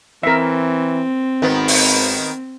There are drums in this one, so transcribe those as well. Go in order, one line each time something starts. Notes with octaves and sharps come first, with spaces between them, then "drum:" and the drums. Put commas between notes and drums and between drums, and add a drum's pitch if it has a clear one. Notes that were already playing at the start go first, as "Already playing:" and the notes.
E3 C4 A#4 E5
G#1 D#3 B3
drum: open hi-hat